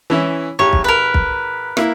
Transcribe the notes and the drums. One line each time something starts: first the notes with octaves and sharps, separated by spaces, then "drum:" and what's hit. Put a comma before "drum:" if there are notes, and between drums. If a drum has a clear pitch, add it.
E3 C#4 E4
G#1 G4 C#5
drum: kick
A#4 B4
drum: kick
A#3 E4, drum: rim click